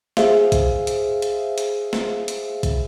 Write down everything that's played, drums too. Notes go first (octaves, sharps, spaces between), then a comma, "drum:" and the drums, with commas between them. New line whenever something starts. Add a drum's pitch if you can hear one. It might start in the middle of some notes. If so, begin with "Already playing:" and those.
G#4 C5 E5 F5, drum: snare
drum: kick, hi-hat
drum: hi-hat
drum: hi-hat
drum: hi-hat
drum: snare
drum: hi-hat
drum: kick, hi-hat